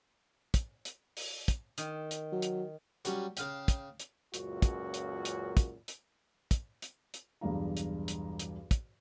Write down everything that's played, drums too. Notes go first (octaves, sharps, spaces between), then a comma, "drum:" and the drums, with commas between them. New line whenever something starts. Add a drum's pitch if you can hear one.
drum: kick, hi-hat
drum: hi-hat
drum: open hi-hat
drum: kick, hi-hat
D#3, drum: hi-hat
drum: hi-hat
F#3
drum: hi-hat
F#3 G3 C#4, drum: hi-hat
C#3 F5 G5, drum: hi-hat
drum: kick, hi-hat
drum: hi-hat
C#2 F#2 A#2 F#4, drum: hi-hat
drum: kick, hi-hat
drum: hi-hat
drum: hi-hat
drum: kick, hi-hat
drum: hi-hat
drum: kick, hi-hat
drum: hi-hat
drum: hi-hat
B1 E2 G2 D4 F5 A#5
drum: hi-hat
drum: hi-hat
drum: hi-hat
drum: kick, hi-hat